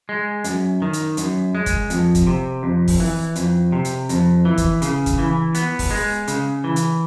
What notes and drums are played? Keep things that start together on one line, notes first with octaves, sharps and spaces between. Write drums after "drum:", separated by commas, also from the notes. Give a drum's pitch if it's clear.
G#3
F#2, drum: hi-hat
D#3
drum: hi-hat
F#2, drum: hi-hat
G#3
drum: kick, hi-hat
F2, drum: hi-hat
drum: kick, hi-hat
C3
F2
drum: kick, open hi-hat
E3
F2, drum: hi-hat
C3
drum: hi-hat
F2, drum: hi-hat
E3
drum: kick, hi-hat
C#3, drum: hi-hat
drum: kick, hi-hat
E3
B3, drum: hi-hat
drum: kick, open hi-hat
G#3
C#3, drum: hi-hat
E3
drum: hi-hat